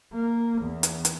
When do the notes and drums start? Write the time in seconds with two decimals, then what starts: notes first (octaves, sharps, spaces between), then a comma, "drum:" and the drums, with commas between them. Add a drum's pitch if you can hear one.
0.14 A#3
0.61 E2
0.83 drum: hi-hat
1.05 drum: hi-hat